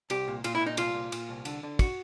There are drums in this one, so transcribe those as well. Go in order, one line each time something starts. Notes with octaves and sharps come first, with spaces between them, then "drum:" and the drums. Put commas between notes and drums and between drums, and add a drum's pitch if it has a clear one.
C2 G4, drum: cymbal
A#2
A#2 F4, drum: cymbal
E4
A#2
D#4
C2 F4, drum: cymbal
A#2
A#2, drum: cymbal
C2
D3, drum: cymbal
D3
F#4, drum: kick, cymbal